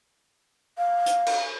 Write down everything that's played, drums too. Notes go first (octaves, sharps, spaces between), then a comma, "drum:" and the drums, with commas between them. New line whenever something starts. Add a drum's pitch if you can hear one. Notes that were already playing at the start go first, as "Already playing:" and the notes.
F5
drum: hi-hat
drum: cymbal